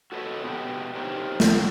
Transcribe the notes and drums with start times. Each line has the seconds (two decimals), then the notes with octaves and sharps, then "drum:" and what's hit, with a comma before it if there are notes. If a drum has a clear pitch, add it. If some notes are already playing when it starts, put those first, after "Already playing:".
0.12 F#4 A4 B4 C#5 D#5
0.44 B2 B3 D4 G4
0.95 D#4 G4 A#4 C5 C#5
1.40 A3 B3, drum: snare